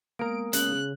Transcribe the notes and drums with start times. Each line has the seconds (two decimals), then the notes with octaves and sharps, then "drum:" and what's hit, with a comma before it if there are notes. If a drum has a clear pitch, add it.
0.19 G#3 A#3 B3 A#4 D#6 D7
0.53 C#3 F#6, drum: hi-hat